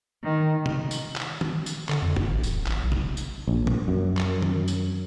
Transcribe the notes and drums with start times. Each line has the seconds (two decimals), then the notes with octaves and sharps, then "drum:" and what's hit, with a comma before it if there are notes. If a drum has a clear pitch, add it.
0.23 D#3
0.66 drum: tom C3
0.91 drum: tambourine
1.16 drum: clap
1.41 drum: tom D#3
1.66 drum: tambourine
1.89 D3, drum: clap
2.02 F2
2.16 F#1, drum: tom
2.31 A1
2.43 D1, drum: tambourine
2.67 G#1, drum: clap
2.83 B1
2.92 drum: tom C3
3.17 drum: tambourine
3.48 A#1
3.67 drum: tom
3.88 F#2
4.17 drum: clap
4.42 drum: tom D#3
4.68 drum: tambourine